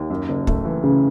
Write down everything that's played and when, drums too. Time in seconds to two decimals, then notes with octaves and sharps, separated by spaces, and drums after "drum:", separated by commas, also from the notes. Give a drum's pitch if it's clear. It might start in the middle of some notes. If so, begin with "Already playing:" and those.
Already playing: D#2
0.10 F#2
0.29 F#1
0.47 A3, drum: kick
0.65 E3
0.84 C#3 E3